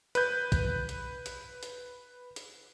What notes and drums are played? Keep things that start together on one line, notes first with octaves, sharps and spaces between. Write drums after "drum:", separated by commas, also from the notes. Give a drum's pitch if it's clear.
B4 G6, drum: hi-hat
drum: kick, hi-hat
drum: hi-hat
drum: hi-hat
drum: hi-hat
drum: hi-hat